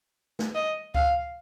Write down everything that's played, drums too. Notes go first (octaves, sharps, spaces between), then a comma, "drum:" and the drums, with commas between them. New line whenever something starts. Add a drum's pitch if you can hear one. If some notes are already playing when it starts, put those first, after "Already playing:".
drum: snare
D#5
F5, drum: kick C#2